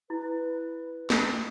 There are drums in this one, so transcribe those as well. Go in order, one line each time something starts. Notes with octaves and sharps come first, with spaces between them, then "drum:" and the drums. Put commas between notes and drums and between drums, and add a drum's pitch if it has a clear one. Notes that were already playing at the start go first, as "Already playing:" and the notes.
E4 B4
drum: snare